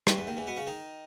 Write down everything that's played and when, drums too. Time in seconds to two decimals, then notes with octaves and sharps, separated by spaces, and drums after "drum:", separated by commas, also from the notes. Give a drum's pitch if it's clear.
0.07 G2 G3, drum: rim click
0.17 E2 E3
0.27 D#2 D#3
0.37 E2 E3
0.47 B2 B3
0.56 C#3 C#4
0.67 D#3 D#4